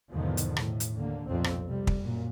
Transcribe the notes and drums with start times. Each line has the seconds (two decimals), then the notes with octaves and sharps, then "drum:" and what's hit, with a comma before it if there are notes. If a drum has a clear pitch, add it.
0.12 E2 G#2 B2 D3 D#3 F3
0.37 drum: hi-hat
0.57 A2, drum: rim click
0.80 drum: hi-hat
0.97 D#2 D3 A#3
1.30 B1 F2 A#2 C4
1.44 drum: rim click
1.66 C3 G3
1.87 drum: kick
2.00 F#2 A#2